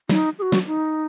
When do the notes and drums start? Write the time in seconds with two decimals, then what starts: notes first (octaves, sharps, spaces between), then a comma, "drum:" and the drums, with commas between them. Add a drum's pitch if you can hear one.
0.10 D#4, drum: snare
0.39 G#4
0.42 F#4
0.52 drum: snare
0.67 D#4